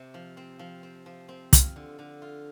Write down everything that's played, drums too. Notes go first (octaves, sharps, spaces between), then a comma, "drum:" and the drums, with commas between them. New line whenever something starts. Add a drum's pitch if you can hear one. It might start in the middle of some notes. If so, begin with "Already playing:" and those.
Already playing: C3 C4
F3
C4
F3
C4
F3
C4
F4, drum: kick, hi-hat
D3
D3
F4